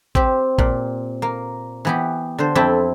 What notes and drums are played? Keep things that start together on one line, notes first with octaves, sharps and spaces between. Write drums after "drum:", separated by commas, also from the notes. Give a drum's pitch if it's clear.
C4 G4, drum: kick
A#2, drum: kick
A#3
E3 B3 G4
D3 C5
F2 C4 E4 E5 G5 A5